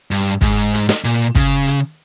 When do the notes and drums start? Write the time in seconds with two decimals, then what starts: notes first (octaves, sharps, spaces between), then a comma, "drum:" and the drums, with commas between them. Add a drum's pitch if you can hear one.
0.11 G2, drum: hi-hat
0.42 G#2, drum: kick, hi-hat
0.73 drum: hi-hat
0.89 drum: snare
1.05 A#2, drum: hi-hat
1.35 C#3, drum: kick, hi-hat
1.67 drum: hi-hat